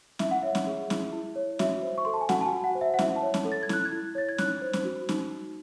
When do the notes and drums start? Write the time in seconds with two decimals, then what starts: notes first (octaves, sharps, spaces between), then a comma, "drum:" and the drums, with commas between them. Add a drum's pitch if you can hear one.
0.19 E4 E5, drum: snare
0.31 F#5
0.43 C#5 E5
0.55 drum: snare
0.67 G#4
0.90 E4, drum: snare
1.13 E4
1.36 C#5
1.59 F#4 E5, drum: snare
1.83 C5
1.98 C#6
2.05 A4 C6
2.14 A5
2.21 G#5
2.29 F#4 F#5, drum: snare
2.41 A5
2.46 G#5
2.52 F#4
2.64 F#5
2.75 C5
2.81 E5
2.94 F#5
2.99 E4 E5, drum: snare
3.16 A5
3.22 C#5
3.34 drum: snare
3.45 A4
3.52 A6
3.63 G#6
3.69 E4 F#6, drum: snare
3.85 G#6
3.92 E4
4.15 C#5 A6
4.29 G#6
4.38 D#4 F#6, drum: snare
4.62 C5
4.73 drum: snare
4.85 F#4
5.09 D#4, drum: snare
5.31 D#4